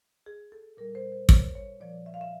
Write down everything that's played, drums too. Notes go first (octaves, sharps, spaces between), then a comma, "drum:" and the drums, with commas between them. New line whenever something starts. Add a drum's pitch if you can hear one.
G#4
A4
A#2 G3 A#4
C5
C5
C#5, drum: kick
C#5
A#2 F3 D5
E5
F5
E5